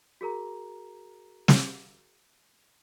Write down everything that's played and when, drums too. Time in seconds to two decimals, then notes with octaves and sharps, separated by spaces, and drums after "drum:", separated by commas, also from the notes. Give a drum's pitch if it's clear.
0.21 F#4 G#4 A#4 A#5
1.48 drum: snare